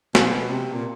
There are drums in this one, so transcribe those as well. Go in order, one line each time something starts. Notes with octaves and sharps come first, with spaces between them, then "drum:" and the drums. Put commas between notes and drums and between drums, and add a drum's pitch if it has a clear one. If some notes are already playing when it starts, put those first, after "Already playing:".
B2, drum: snare
C3
A#2